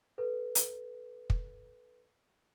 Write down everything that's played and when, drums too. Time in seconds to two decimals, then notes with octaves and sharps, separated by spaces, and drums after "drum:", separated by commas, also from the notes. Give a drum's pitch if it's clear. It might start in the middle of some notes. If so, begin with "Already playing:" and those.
0.18 A4 B4
0.55 drum: hi-hat
1.30 drum: kick